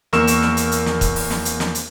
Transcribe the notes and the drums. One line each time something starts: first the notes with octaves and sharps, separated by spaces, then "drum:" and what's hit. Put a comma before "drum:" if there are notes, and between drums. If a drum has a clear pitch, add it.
E2 A#3 A#4 C#6 E6 E7, drum: snare
drum: hi-hat
drum: snare
drum: hi-hat
drum: hi-hat
drum: snare
drum: kick, hi-hat
drum: open hi-hat
drum: snare
drum: hi-hat
drum: snare
drum: hi-hat